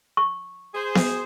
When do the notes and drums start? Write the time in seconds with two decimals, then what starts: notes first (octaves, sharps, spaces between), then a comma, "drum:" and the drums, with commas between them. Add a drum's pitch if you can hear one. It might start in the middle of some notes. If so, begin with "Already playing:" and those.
0.17 C#6
0.75 G#4 C5
0.95 drum: snare B3